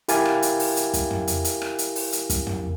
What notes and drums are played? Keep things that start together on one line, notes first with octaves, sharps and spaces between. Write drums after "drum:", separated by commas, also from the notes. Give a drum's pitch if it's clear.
E4 G4 A#4 F5 G#5 A6, drum: hi-hat
drum: rim click
drum: hi-hat
drum: open hi-hat
drum: hi-hat
drum: kick, hi-hat
drum: tom
drum: hi-hat
drum: hi-hat
drum: rim click
drum: hi-hat
drum: open hi-hat
drum: hi-hat
drum: kick, hi-hat
drum: tom